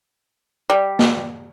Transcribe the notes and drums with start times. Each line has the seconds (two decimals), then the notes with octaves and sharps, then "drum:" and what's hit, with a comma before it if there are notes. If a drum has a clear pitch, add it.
0.70 G3
0.99 drum: snare